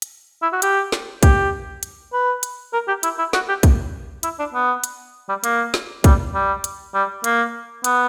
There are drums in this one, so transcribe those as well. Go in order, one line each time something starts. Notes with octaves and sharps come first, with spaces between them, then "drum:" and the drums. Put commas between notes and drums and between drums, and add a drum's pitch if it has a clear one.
drum: hi-hat
E4
F#4
G4, drum: hi-hat
drum: snare
G4, drum: kick, hi-hat
drum: hi-hat
B4
drum: hi-hat
A#4
G4
E4, drum: hi-hat
E4
F#4, drum: snare
G4
drum: kick, hi-hat
E4, drum: hi-hat
D4
B3
drum: hi-hat
G3
A#3, drum: hi-hat
drum: snare
G3, drum: kick, hi-hat
G3
drum: hi-hat
G3
A#3, drum: hi-hat
B3, drum: hi-hat